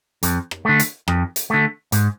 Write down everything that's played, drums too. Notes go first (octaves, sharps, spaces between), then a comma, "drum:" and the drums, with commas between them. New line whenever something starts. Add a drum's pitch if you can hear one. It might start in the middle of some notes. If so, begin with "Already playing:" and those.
F2, drum: hi-hat
drum: rim click
D3 A3
drum: hi-hat
F2, drum: rim click
drum: hi-hat
D3 A3
G#2, drum: hi-hat